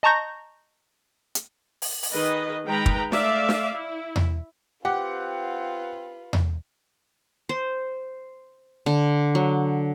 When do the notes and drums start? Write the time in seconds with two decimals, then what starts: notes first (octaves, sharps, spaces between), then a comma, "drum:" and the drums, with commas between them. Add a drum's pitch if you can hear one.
0.03 D#5 A5 A#5 C#6 G6 A#6
1.35 drum: hi-hat
1.82 drum: open hi-hat
2.03 drum: open hi-hat
2.12 D#3 G#4 B4 D#5
2.67 D#3 G#3 B4 G5 A#5 B5
2.86 drum: kick
3.12 A3 D5 E5 F5, drum: snare
3.49 drum: snare
3.74 E4
4.16 drum: tom E2
4.85 C4 F4 G4 B4 F#5
6.33 drum: tom E2
7.49 C5
8.86 D3
9.35 F#3